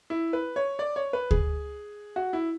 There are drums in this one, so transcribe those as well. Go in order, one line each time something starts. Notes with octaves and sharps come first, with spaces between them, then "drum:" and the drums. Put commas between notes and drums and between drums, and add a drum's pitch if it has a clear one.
E4
B4
C#5
D5
C#5
B4
G#4, drum: kick D2
F#4
E4